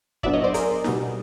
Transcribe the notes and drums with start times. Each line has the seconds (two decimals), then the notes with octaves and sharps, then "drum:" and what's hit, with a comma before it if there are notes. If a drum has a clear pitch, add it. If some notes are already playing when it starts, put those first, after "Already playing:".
0.23 A2 F#3 B3 D4 D5 E5, drum: kick
0.33 C#5 D#5
0.44 C5 D5
0.54 G#4 A#4, drum: hi-hat
0.84 B2 G3 B3 D#4, drum: snare